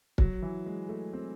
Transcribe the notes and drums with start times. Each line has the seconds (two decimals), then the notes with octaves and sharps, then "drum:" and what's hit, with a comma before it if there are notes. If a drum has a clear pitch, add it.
0.18 F#3, drum: kick
0.42 E3
0.66 G#3
0.89 A3
1.13 C4